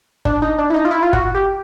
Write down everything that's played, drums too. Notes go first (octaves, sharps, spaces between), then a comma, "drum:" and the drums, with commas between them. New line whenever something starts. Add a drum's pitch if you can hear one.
D4, drum: kick G1
D#4
D4
E4
D#4
F4
E4
F4
F#4, drum: kick G1
G4